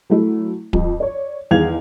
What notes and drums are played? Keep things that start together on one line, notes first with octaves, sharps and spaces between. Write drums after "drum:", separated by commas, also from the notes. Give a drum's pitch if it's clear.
F#3 A3 E4
F2, drum: kick D1
C#5 D5
E2 D#3 G#4 F5 G#6 F7